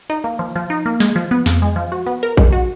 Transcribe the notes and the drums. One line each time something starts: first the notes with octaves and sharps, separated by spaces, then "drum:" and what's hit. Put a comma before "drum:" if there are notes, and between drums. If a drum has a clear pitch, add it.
D#4
A#3
F3
F3
D#4
A#3
G#3, drum: snare
F3
B3
F2, drum: snare
G#3
F3
F#4
B3
A#4
G#3, drum: kick A1
F#4